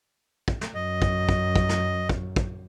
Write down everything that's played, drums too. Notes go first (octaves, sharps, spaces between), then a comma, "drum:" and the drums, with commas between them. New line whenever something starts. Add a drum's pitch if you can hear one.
drum: kick
drum: snare
F#2 D#5
drum: kick
drum: kick
drum: kick
drum: snare
drum: kick
drum: kick